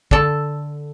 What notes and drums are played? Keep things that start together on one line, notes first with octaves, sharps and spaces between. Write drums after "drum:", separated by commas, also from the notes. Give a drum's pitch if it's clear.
D3 A4, drum: kick